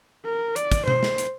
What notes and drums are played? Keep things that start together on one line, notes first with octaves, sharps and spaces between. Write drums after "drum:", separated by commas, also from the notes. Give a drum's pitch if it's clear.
A#4
D5, drum: hi-hat
drum: kick, hi-hat
C5, drum: tom B2
drum: snare
drum: hi-hat